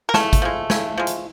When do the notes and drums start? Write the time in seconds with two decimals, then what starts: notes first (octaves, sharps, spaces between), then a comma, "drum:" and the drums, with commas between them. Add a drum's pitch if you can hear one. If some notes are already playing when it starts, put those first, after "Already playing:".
0.09 A#4
0.14 C#3 A3 A4, drum: snare
0.33 drum: kick G#1, hi-hat
0.42 F3 G#3
0.70 C#3, drum: snare
0.97 F3 G#3
1.07 drum: hi-hat